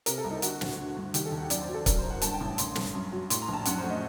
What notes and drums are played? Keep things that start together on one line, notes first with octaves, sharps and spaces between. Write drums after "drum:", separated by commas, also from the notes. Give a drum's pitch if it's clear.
C3 A#4, drum: hi-hat
A4
C2
D#4
D3 F#4, drum: hi-hat
D2, drum: snare
D3
G2
D#3 G4, drum: hi-hat
A4
D#2
F#5
F#2 D5, drum: hi-hat
C5
F#3
A4
F#2 A#4, drum: kick C#1, hi-hat
F#1 C5
F#5
G2 A5, drum: hi-hat
G5
A1
A5
D3 C6, drum: hi-hat
G2, drum: snare
F#2
F#3
A2 C6, drum: hi-hat
A#5
A#1
A5
F#2 F#5, drum: hi-hat
C5
A3
D#5